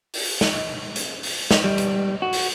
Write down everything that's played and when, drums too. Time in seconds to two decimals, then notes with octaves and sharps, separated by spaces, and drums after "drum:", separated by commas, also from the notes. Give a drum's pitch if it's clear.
0.14 drum: open hi-hat
0.41 drum: snare
0.96 drum: hi-hat
1.23 drum: open hi-hat
1.51 drum: snare
1.64 G3
1.78 drum: hi-hat
2.22 F#4
2.33 drum: open hi-hat